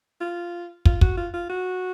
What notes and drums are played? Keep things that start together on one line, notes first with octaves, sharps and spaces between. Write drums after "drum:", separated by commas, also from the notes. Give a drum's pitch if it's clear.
F4
F4, drum: kick
F#4, drum: kick
F4
F4
F#4